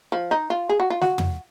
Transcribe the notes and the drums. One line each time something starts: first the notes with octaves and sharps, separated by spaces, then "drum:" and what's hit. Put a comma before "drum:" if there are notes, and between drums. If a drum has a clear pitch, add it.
F3
D#4
F4
G#4
F#4
F4
F#4, drum: snare
drum: tom